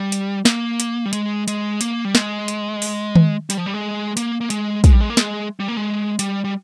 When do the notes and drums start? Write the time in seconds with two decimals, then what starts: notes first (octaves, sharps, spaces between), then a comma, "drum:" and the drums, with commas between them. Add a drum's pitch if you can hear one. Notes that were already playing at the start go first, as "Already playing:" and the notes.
Already playing: G3
0.12 drum: hi-hat
0.45 A#3, drum: snare
0.80 drum: hi-hat
1.06 G3
1.13 G#3, drum: hi-hat
1.48 G#3, drum: hi-hat
1.81 A#3, drum: hi-hat
2.05 G3
2.15 G#3, drum: snare
2.48 drum: hi-hat
2.82 drum: open hi-hat
3.16 drum: tom D#3
3.50 G3, drum: hi-hat
3.57 F3
3.66 G3
3.74 G#3
4.17 A#3, drum: hi-hat
4.41 A#3
4.50 G#3, drum: hi-hat
4.84 G#3, drum: kick, hi-hat
4.93 G3
5.01 G#3
5.10 A#3
5.17 G#3, drum: snare
5.60 G3
5.68 A#3
5.77 G#3
6.19 G3, drum: hi-hat
6.44 G3